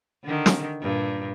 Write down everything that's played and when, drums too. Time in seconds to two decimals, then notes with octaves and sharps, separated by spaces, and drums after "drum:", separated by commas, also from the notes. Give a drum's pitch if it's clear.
0.24 D3 D#3
0.46 drum: snare
0.81 G2 A#2